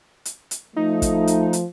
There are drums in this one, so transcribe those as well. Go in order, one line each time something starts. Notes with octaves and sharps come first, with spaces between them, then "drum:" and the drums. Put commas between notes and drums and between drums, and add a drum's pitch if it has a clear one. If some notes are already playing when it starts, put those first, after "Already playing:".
drum: hi-hat
drum: hi-hat
F3 A3 D#4
drum: kick, hi-hat
drum: hi-hat
drum: hi-hat